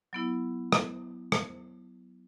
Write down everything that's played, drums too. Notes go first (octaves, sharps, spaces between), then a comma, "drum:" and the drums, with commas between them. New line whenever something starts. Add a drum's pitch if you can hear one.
F#3 B3 E4
drum: rim click
drum: rim click